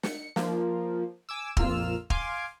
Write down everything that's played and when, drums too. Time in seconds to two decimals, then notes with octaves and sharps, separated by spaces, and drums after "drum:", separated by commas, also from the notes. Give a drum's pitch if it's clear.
0.03 C#7, drum: snare
0.36 F3 A#3, drum: snare
1.29 G#5 D6 E6
1.57 A#1 F2 A#3 F4 E6 F6, drum: kick
2.10 F5 G#5 C6 D6, drum: kick